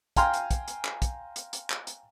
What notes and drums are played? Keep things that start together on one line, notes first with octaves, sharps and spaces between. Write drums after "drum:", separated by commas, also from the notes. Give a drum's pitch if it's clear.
F5 G5 G#5 A#5 C6 F6, drum: kick, hi-hat
drum: hi-hat
drum: kick, hi-hat
drum: hi-hat
drum: clap
drum: kick, hi-hat
drum: hi-hat
drum: hi-hat
drum: clap
drum: hi-hat